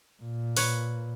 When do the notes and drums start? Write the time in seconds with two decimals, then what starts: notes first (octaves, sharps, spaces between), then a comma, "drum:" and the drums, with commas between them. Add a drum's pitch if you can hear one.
0.22 A#2
0.57 B4 C#5, drum: open hi-hat